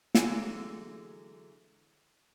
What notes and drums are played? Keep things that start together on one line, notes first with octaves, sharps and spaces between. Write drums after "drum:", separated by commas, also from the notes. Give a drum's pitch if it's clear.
D3 E3 F#3 G#3, drum: snare